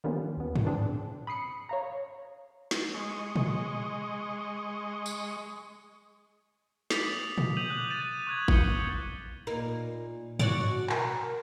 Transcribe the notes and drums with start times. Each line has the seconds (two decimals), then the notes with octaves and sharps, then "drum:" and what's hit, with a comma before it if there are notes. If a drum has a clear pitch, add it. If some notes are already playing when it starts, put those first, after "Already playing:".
0.04 D#3 F3 G3 A#3 B3 C#4
0.37 D#2 B3
0.56 drum: tom G2
0.65 C4 D4 G#4 B4
1.27 B5 D#6 C7 C#7
1.69 C#5 F5 A#5
2.71 drum: snare
2.95 G#3 D#5 C#6
3.36 drum: tom A#2
5.06 drum: tambourine
6.90 D6 D#6 A6 B6 F7 F#7, drum: snare
7.38 drum: tom A#2
7.57 D#6 G6 D#7 F7 F#7
7.70 D6 F#6
7.90 A6 D#7 E7
8.27 C#6 F#6 G#6
8.48 G6 C#7 G7, drum: kick G#1
9.47 A#2 A#3 D#4
10.39 F#4 C#5 D5, drum: tom G2
10.55 B2
10.89 A#4, drum: clap